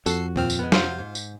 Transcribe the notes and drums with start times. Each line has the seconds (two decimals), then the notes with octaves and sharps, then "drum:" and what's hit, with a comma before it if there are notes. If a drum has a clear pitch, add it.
0.06 F2 F#4 A4 C7, drum: tambourine
0.36 D#2 A#2 C4 F4 G5 F6
0.50 drum: tambourine
0.59 G#3 B3
0.72 F#2 C3 F3 F4 C5 F5 G6, drum: snare
0.98 G#2
1.15 drum: tambourine